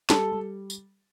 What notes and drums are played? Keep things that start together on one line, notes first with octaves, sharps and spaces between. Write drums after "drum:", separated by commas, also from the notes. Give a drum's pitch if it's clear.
G3 A4, drum: snare
G3
drum: tambourine